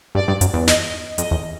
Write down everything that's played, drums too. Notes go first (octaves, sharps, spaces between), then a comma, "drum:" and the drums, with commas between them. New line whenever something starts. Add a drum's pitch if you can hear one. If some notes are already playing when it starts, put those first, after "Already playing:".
G2 D5
G2
F#2, drum: hi-hat
E2
D#5, drum: snare
F2 D#5, drum: hi-hat
E2